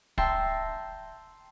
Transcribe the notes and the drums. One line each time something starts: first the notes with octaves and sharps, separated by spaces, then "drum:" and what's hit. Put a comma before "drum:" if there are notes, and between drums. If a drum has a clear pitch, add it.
E5 G5 A5 A#5 C6, drum: kick